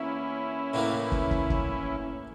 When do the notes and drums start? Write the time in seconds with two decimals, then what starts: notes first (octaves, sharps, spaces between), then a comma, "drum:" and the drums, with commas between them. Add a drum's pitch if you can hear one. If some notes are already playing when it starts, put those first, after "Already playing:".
Already playing: E2 A#3 C#4 E4
0.74 A2 E3 A#3
1.12 drum: kick
1.31 drum: kick
1.50 drum: kick